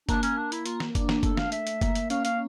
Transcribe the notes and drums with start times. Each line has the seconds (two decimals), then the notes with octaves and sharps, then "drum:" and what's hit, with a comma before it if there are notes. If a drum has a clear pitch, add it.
0.09 A#3 D4, drum: kick F#1, hi-hat
0.23 C#4, drum: hi-hat
0.37 D4
0.52 E4, drum: hi-hat
0.66 A#3 F4, drum: hi-hat
0.80 drum: snare
0.95 D4, drum: kick F#1, hi-hat
1.09 A#3, drum: snare
1.23 A3 A4, drum: kick F#1, hi-hat
1.37 F5, drum: snare
1.52 E5, drum: hi-hat
1.67 drum: hi-hat
1.81 A#3, drum: kick F#1, hi-hat
1.95 drum: hi-hat
2.10 C#4 F5, drum: hi-hat
2.25 F5, drum: hi-hat